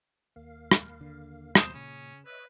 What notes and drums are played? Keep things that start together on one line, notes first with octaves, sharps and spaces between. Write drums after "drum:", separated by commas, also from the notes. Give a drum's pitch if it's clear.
D#2 A#3 F5
drum: rim click
D3
D#2 B2 C5 D#6 E7, drum: rim click
A#2 C#3 C#4
B4 C#5 D#5 E5